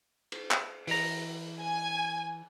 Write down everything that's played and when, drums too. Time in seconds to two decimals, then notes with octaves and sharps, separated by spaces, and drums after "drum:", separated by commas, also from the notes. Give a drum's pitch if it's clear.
0.32 drum: cymbal
0.51 drum: clap
0.87 E3 A#5, drum: open hi-hat
1.61 G#5